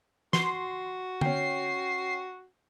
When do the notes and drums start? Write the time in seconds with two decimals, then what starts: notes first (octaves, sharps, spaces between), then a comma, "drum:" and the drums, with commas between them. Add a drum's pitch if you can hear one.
0.33 F#4 C6, drum: snare
1.21 C#4 G5 C7, drum: tom D3